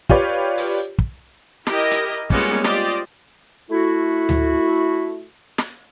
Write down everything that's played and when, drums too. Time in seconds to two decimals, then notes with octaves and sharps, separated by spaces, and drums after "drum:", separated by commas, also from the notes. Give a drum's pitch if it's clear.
0.09 F4 G4 B4 C#5 D5, drum: kick
0.58 drum: open hi-hat
0.98 drum: kick
1.67 E4 G4 A#4 D#5, drum: snare
1.91 drum: hi-hat
2.30 G3 G#3 A#3 B3 C#4 F4, drum: kick
2.64 F4 G4 C5 D5 D#5, drum: snare
3.70 A3 E4 F#4
4.29 drum: tom D2
5.58 drum: snare